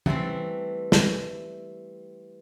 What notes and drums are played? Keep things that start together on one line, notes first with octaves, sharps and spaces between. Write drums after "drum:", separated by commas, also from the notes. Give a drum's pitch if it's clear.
E3 G3 A3 C4, drum: tom E3
drum: snare